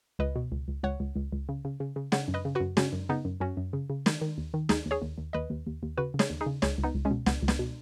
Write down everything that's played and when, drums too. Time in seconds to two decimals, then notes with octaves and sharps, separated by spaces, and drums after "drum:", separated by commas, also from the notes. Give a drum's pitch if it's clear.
0.19 C#2 B4 D#5
0.36 B2
0.52 C#2
0.68 C#2
0.83 C#2 C#5 F#5
1.00 C#2
1.16 C#2
1.32 C#2
1.49 C#3
1.65 C#3
1.80 C#3
1.96 C#3
2.12 C#3 C#5 F#5, drum: snare
2.28 F#2
2.34 B4 D#5
2.45 C#3
2.55 F#4 B4
2.60 F#2
2.77 C#3 C#4 F#4, drum: snare
2.93 F#2
3.09 C#3 B3 D#4
3.25 F#2
3.40 F#2 C#4 F#4
3.57 F#2
3.73 C#3
3.90 C#3
4.06 D#3, drum: snare
4.21 D#3
4.38 D#2
4.54 D#3
4.69 D#2 D#4 G#4, drum: snare
4.86 D#2
4.91 G#4 C#5
5.02 D#2
5.18 D#2
5.33 D#2 B4 D#5
5.50 D#2
5.67 D#2
5.83 D#2
5.97 C#3 F#4 B4
6.14 C#3
6.19 G#4 C#5, drum: snare
6.30 D#2
6.41 D#4 G#4
6.46 C#3
6.62 C#2 G#4 C#5, drum: snare
6.78 C#2
6.83 B3 D#4
6.95 C#2
7.05 G#3 C#4
7.11 B2
7.26 C#2 B3, drum: snare
7.43 C#2
7.48 B3, drum: snare
7.59 B2